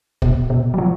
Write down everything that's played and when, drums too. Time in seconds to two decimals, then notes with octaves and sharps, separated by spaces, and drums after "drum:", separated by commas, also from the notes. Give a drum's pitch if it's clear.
0.22 B2, drum: kick
0.50 B2
0.74 F#3
0.78 F3